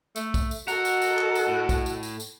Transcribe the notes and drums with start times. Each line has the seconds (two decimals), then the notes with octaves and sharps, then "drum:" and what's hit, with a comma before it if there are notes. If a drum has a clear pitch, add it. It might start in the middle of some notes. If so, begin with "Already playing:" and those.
0.16 A3, drum: tambourine
0.34 drum: kick, tambourine
0.51 drum: tambourine
0.68 F#4 A4 A#4 D#5 F#5, drum: tambourine
0.85 drum: tambourine
1.02 drum: tambourine
1.19 drum: clap
1.35 drum: tambourine
1.48 A2
1.69 drum: kick, tambourine
1.86 drum: tambourine
2.03 drum: tambourine
2.20 drum: tambourine